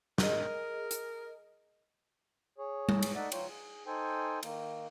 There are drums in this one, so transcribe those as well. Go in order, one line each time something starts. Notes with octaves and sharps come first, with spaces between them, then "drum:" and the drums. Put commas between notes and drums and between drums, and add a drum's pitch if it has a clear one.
G#4 A#4 D#5, drum: snare
drum: hi-hat
G#4 C#5
drum: tom G3
drum: cymbal
A3 D#4 D5 E5 F#5
D2 F#3 F4 C#5 G5, drum: cymbal
G#4
D#4 A4 C5 G5 G#5
D#3 A#3, drum: cymbal